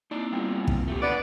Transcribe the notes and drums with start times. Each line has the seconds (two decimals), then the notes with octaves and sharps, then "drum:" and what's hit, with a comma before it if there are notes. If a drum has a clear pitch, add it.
0.11 A#3 C4 D#4 E4 D5
0.32 G3 B3 F4
0.67 drum: kick
0.88 A3 G4
1.02 D3 B3 D5